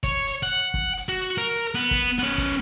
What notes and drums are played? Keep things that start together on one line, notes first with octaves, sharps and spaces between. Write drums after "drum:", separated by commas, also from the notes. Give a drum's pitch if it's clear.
C#5, drum: kick, hi-hat
drum: hi-hat
F#5
drum: kick
drum: hi-hat
F#4
drum: hi-hat
A#4
B3
drum: kick, hi-hat
B3 C#4
drum: kick, hi-hat